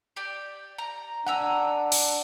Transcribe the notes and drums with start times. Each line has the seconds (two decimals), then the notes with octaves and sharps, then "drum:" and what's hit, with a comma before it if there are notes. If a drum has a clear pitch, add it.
0.16 G4 D5
0.78 A#5
1.27 D4 F#5 G#5 A#5 E6
1.92 drum: open hi-hat